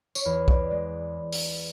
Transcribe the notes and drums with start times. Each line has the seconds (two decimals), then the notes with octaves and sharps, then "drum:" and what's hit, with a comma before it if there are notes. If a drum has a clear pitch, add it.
0.15 C#5, drum: tambourine
0.25 E2 B4
0.48 D5, drum: kick B1
0.70 G#3 D5
1.32 drum: open hi-hat